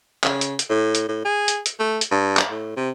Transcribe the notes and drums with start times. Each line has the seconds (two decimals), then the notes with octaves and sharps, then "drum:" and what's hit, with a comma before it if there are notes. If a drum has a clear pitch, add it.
0.24 C#3, drum: clap
0.41 drum: hi-hat
0.59 drum: hi-hat
0.70 A2
0.95 drum: hi-hat
1.08 A2
1.25 G#4
1.48 drum: hi-hat
1.66 drum: hi-hat
1.79 A3
2.01 drum: hi-hat
2.11 G2
2.37 drum: clap
2.50 A2
2.77 C3